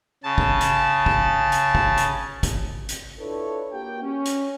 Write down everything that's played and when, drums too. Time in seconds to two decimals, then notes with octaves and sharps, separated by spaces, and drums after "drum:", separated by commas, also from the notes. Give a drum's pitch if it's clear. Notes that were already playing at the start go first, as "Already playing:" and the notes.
0.24 C#3 A5
0.38 drum: kick
0.61 drum: hi-hat
1.06 drum: kick
1.52 drum: hi-hat
1.75 drum: kick
1.97 drum: hi-hat
2.43 drum: kick, hi-hat
2.89 drum: hi-hat
3.20 D4 E4 F4 A4 B4 C#5
3.72 A#3 F#4 G4 G5
4.03 C#4
4.26 drum: hi-hat